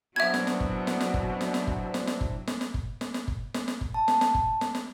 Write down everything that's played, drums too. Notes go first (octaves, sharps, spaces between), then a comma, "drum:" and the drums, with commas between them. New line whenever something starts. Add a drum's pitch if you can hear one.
B2 F#3 C4 D4 E4 E5 G#6
drum: snare
drum: snare
drum: kick G1
drum: snare
drum: snare
drum: kick G1
drum: snare
drum: snare
drum: kick G1
drum: snare
drum: snare
drum: kick G1
drum: snare
drum: snare
drum: kick G1
drum: snare
drum: snare
drum: kick G1
drum: snare
drum: snare
drum: kick G1
A5
drum: snare
drum: snare
drum: kick G1
drum: snare
drum: snare